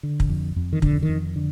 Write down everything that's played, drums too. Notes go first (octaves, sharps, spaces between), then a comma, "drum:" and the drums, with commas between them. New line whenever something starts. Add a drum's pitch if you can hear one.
D3
drum: kick
F2
F2
D#3
F2 D3, drum: kick
D#3
F2
D3